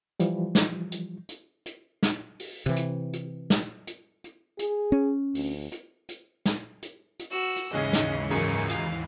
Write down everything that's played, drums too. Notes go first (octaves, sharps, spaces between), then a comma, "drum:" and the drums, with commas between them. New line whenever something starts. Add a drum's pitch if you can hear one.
E3 F3 G3, drum: hi-hat
drum: snare
drum: hi-hat
drum: hi-hat
drum: hi-hat
drum: snare
drum: open hi-hat
C3 E3
drum: hi-hat
drum: hi-hat
drum: snare
drum: hi-hat
drum: hi-hat
G#4, drum: hi-hat
C#4
D2, drum: open hi-hat
drum: hi-hat
drum: hi-hat
drum: snare
drum: hi-hat
drum: hi-hat
F#4 E6
drum: hi-hat
D#2 G#2 C#3 E3 G#3 C#4 G#4 D#5
drum: snare
C#2 F#2 G#4 A#4 C#6, drum: open hi-hat
F5, drum: hi-hat